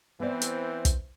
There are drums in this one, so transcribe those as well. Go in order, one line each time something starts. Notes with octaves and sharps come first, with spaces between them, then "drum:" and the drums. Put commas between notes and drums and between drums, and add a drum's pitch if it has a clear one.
E3 B3 C4 E4 C5 D5
drum: hi-hat
drum: kick, hi-hat